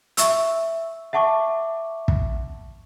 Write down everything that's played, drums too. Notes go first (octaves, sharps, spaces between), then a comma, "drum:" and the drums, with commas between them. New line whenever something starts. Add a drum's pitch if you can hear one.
E5 C#6 E6, drum: hi-hat
E5 F#5 A5 C#6 D6
drum: kick